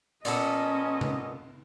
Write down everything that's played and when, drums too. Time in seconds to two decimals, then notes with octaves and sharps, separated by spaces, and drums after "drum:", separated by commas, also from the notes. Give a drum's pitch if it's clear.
0.25 A#2 B3 C#4 A4 D#5, drum: hi-hat
1.01 drum: tom C3